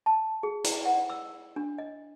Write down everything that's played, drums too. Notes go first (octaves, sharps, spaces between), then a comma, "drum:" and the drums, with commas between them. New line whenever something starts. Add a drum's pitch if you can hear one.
A5
G#4
E4, drum: hi-hat
F#5
E6
D4
D#5